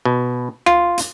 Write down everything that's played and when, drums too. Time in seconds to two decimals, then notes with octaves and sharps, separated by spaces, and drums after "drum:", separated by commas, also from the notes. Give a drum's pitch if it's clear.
0.05 B2
0.66 F4, drum: rim click
0.98 drum: hi-hat